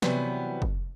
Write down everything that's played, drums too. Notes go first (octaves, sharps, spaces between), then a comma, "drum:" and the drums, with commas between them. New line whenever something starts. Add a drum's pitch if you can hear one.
C3 E3 F#3 G3 B3, drum: snare
drum: kick